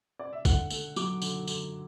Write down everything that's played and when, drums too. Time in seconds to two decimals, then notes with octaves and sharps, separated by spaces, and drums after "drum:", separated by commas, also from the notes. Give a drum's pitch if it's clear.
0.19 D5
0.33 E5
0.45 D3 F#5, drum: kick B1, tambourine
0.70 A3, drum: tambourine
0.96 F#3 D6, drum: tambourine
1.22 D3, drum: tambourine
1.47 D3, drum: tambourine